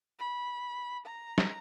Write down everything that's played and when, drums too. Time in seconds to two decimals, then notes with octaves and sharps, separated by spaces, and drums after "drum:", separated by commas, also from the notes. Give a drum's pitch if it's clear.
0.19 B5
1.06 A#5
1.38 drum: snare